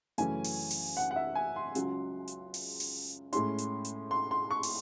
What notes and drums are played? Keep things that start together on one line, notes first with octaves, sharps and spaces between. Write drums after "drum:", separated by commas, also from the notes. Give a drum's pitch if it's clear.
F#2 C#3 E3 A3 C#4 G#5, drum: hi-hat
drum: open hi-hat
drum: open hi-hat
F#5
F#5
E5
G#5
C6
C#2 C#3 F#3, drum: hi-hat
drum: hi-hat
drum: open hi-hat
drum: open hi-hat
A2 G#3 C#4 C6, drum: hi-hat
drum: hi-hat
drum: hi-hat
C6
C6
C#6
drum: open hi-hat